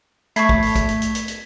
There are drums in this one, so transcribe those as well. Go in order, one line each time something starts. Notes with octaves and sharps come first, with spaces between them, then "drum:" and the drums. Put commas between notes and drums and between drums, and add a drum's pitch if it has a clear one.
A3 B5 C#6 G#6 B6 C7, drum: hi-hat
drum: kick
drum: open hi-hat
drum: kick, hi-hat
drum: hi-hat
drum: hi-hat
drum: hi-hat
drum: hi-hat